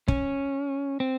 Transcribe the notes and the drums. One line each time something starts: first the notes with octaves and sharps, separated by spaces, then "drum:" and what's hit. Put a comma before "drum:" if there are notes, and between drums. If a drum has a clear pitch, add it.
C#4, drum: kick
C4